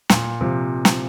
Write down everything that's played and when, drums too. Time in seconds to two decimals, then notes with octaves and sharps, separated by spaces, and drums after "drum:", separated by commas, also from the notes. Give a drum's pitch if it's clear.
0.09 A#2, drum: snare
0.41 C3 F3
0.85 drum: snare